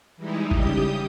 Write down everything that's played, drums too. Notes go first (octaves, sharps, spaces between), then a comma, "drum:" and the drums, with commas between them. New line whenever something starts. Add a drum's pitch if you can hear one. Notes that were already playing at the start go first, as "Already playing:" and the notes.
E3 G3 G#3 D#4 E4
C#3 G3 G4 D#6 G6, drum: kick G#1